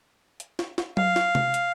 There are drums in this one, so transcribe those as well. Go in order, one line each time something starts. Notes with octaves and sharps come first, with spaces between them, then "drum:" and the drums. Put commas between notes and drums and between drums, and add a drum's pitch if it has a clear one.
drum: hi-hat
drum: snare
drum: snare
F5, drum: tom F#3
drum: snare
drum: tom C3
drum: hi-hat